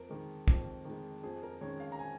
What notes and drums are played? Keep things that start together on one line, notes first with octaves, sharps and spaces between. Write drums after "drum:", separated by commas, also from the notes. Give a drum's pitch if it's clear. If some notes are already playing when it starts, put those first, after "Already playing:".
Already playing: F2 A#4
D#3 G#3
F2, drum: kick
D#3 G#3
F2 G#4
A#4
D#3 G#3 C#4 C#5
F5
A#5
G#5